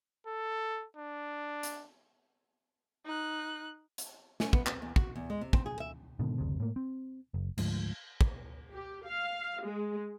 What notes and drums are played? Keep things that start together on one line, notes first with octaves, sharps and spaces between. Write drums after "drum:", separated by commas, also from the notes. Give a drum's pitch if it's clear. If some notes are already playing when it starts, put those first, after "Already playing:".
A4
D4
drum: hi-hat
D#4 F#6
drum: hi-hat
C#4, drum: snare
B3, drum: kick
C4, drum: clap
E2
F#4, drum: kick
E2
G#3
C3
C4, drum: kick
G#4
E5
G#2 B2 D3 D#3
F#1 D2 C3
A2 A#3
C4
F#1
D2 G#2 F3, drum: cymbal
drum: kick
G4
F5
G#3